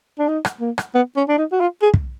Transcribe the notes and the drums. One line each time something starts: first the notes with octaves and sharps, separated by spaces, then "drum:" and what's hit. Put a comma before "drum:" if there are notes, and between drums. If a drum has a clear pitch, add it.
D4
D#4
drum: rim click
A#3
drum: rim click
B3
C#4
D4
D#4
F#4
F4
G#4
drum: kick